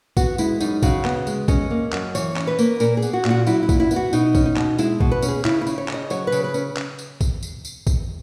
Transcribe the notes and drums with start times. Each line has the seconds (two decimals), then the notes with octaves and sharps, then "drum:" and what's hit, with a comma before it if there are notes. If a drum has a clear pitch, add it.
0.17 B3 F#4, drum: kick A#1, tambourine
0.38 G#3 E4, drum: tambourine
0.61 F#2 D#4, drum: tambourine
0.82 C#3 F#4, drum: kick A#1, tambourine
1.05 B3, drum: clap
1.27 G#3, drum: tambourine
1.48 C#4 D#5, drum: kick A#1, tambourine
1.71 A#3
1.93 F#2, drum: clap
2.15 E3 C#5, drum: tambourine
2.36 C#4, drum: clap
2.47 B4
2.59 A#3, drum: tambourine
2.80 A#2 A#4, drum: tambourine
2.97 G#4
3.02 B3, drum: tambourine
3.13 F#4
3.25 A#2, drum: clap
3.30 F#4
3.47 F#3 E4, drum: tambourine
3.63 E4
3.69 A#2, drum: kick A#1, tambourine
3.80 E4
3.91 B3, drum: tambourine
3.96 F#4
4.13 B2 D#4, drum: tambourine
4.35 C#4, drum: kick A#1, tambourine
4.46 D#4
4.56 B2, drum: clap
4.78 G#3 E4, drum: tambourine
5.00 B2, drum: kick A#1
5.12 B4
5.22 C#4, drum: tambourine
5.28 G#4
5.45 C#3 E4, drum: clap
5.61 E4
5.67 C#4, drum: tambourine
5.78 C#5
5.88 C#3, drum: clap
5.94 D#5
6.10 F#3 C#5, drum: tambourine
6.27 B4
6.32 C#3, drum: tambourine
6.44 B4
6.54 C#4, drum: tambourine
6.77 drum: clap
6.99 drum: tambourine
7.21 drum: kick A#1, tambourine
7.43 drum: tambourine
7.65 drum: tambourine
7.87 drum: kick A#1, tambourine